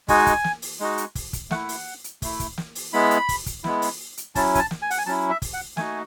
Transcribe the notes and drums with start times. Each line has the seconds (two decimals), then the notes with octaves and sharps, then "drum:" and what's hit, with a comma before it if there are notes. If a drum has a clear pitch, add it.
0.08 G#3 D#4 F#4 G#5, drum: kick, open hi-hat
0.27 drum: kick, hi-hat
0.44 drum: snare
0.62 drum: open hi-hat
0.80 G#3 D#4 F#4
0.98 drum: hi-hat
1.15 drum: kick, open hi-hat
1.33 drum: kick, hi-hat
1.51 A3 E4 F#5, drum: snare
1.69 drum: open hi-hat
2.04 drum: hi-hat
2.22 A3 E4, drum: kick, open hi-hat
2.40 drum: kick, hi-hat
2.58 drum: snare
2.75 drum: open hi-hat
2.93 G#3 B3 E4 B5
3.11 drum: hi-hat
3.29 drum: kick, open hi-hat
3.46 drum: kick, hi-hat
3.64 G#3 B3 E4, drum: snare
3.82 drum: open hi-hat
4.17 drum: hi-hat
4.35 F#3 C#4 E4 A5, drum: kick, open hi-hat
4.55 G#5, drum: kick, hi-hat
4.59 A5
4.71 drum: snare
4.82 G#5
4.90 F#5, drum: open hi-hat
4.98 G#5
5.06 F#3 C#4 E4 A5
5.30 E5
5.42 drum: kick, open hi-hat
5.54 F#5
5.77 A3 D#4 F#4 G#5, drum: snare